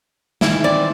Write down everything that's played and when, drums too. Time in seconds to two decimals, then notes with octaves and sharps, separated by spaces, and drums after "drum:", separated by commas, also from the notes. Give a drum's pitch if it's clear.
0.41 D#3 E3 E4 A5, drum: snare
0.64 C4 D5